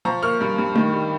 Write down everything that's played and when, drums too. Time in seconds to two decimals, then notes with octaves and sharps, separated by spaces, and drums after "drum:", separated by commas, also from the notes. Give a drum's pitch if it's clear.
0.05 F3 A#5 C#6
0.22 A#3 C#6 F6
0.41 G2
0.58 G2
0.76 D#3, drum: tom A3
0.92 G3